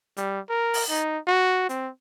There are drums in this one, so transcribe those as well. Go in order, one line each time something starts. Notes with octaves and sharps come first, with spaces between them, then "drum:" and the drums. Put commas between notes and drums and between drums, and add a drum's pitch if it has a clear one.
G3, drum: hi-hat
A#4
drum: open hi-hat
D#4
F#4
C4, drum: hi-hat